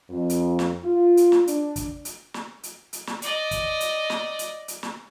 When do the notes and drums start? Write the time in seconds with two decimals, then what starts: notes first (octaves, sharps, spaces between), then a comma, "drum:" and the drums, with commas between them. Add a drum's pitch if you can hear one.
0.10 F2
0.30 drum: hi-hat
0.59 drum: snare
0.84 F4
1.17 drum: hi-hat
1.32 drum: snare
1.47 D4, drum: hi-hat
1.76 drum: kick, hi-hat
2.05 drum: hi-hat
2.34 drum: snare
2.63 drum: hi-hat
2.93 drum: hi-hat
3.07 drum: snare
3.22 D5 D#5, drum: hi-hat
3.51 drum: kick, hi-hat
3.80 drum: hi-hat
4.10 drum: snare
4.39 drum: hi-hat
4.68 drum: hi-hat
4.83 drum: snare